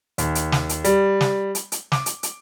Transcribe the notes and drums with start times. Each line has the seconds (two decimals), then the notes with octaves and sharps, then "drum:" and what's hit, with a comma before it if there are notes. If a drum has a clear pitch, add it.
0.18 D#2, drum: hi-hat
0.35 drum: hi-hat
0.52 drum: snare
0.69 drum: hi-hat
0.84 G3, drum: hi-hat
1.21 drum: snare
1.55 drum: hi-hat
1.72 drum: hi-hat
1.92 D6, drum: snare
2.06 drum: hi-hat
2.23 drum: hi-hat